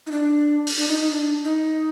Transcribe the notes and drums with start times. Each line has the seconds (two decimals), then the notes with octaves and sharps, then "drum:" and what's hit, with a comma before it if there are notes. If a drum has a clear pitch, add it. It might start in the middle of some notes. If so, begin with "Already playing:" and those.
0.06 D#4
0.12 D4
0.66 drum: open hi-hat
0.78 D4
0.88 D#4
1.00 D#4
1.11 D4
1.44 D#4